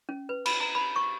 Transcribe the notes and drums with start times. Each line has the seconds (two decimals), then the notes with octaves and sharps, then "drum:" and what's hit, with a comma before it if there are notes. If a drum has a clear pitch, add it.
0.09 C#4
0.29 B4
0.46 B5, drum: cymbal
0.60 A#5
0.75 B5
0.96 C#6